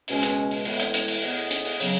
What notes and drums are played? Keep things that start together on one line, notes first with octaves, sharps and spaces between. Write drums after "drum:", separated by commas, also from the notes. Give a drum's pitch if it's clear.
C#2 B2 G#3 C#4, drum: open hi-hat
drum: hi-hat
drum: open hi-hat
A2 E3 G#3 B3, drum: open hi-hat
drum: hi-hat
drum: hi-hat
drum: open hi-hat
A2 G#3 B3, drum: open hi-hat
drum: hi-hat
drum: open hi-hat
C#3 F#3, drum: open hi-hat